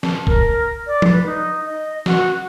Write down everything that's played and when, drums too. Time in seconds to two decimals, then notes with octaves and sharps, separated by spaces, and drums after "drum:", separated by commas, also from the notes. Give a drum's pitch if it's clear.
0.03 A5, drum: snare
0.27 A#4, drum: kick
0.87 D5
1.02 drum: tom F3
1.12 B4
1.26 D#4
1.66 D#5
2.06 F#4, drum: snare